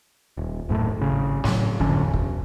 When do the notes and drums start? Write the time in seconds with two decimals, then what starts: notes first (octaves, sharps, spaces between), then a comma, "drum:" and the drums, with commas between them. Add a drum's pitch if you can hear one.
0.37 D#1
0.69 D#1 F#2 A2
0.98 G#1 C#3
1.44 A2 F#3, drum: snare
1.80 F#1 F2 D3 C#4, drum: kick
2.03 E1
2.14 drum: kick